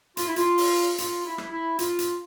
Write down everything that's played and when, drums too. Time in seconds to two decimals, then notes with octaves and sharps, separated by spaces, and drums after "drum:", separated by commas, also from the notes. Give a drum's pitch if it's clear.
0.17 F4, drum: hi-hat
0.27 E4
0.36 F4, drum: hi-hat
0.58 drum: open hi-hat
0.98 F4, drum: hi-hat
1.25 E4
1.38 drum: rim click
1.51 E4
1.79 F4, drum: hi-hat
1.99 drum: hi-hat